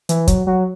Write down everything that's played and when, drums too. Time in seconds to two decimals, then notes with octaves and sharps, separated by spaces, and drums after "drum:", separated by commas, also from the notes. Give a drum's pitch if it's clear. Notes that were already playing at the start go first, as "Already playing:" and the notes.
0.09 E3, drum: hi-hat
0.28 F#3, drum: kick, hi-hat
0.47 F#3